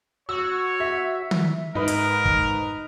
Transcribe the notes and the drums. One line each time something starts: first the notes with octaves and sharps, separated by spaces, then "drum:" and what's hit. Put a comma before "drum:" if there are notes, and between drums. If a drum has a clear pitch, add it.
F#4 C#5 E6
E5
drum: tom D#3
G#2 D#4 A#4 B4
drum: hi-hat
drum: kick